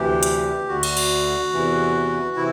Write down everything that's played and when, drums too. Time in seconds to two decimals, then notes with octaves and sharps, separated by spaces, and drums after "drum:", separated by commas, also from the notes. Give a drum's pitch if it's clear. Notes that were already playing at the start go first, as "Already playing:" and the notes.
Already playing: D2 C3 E3 G4
0.23 drum: hi-hat
0.68 D2 D3 F#4
0.83 drum: cymbal
0.97 drum: cymbal
1.53 E2 C3 E3
2.36 C3 E3 E4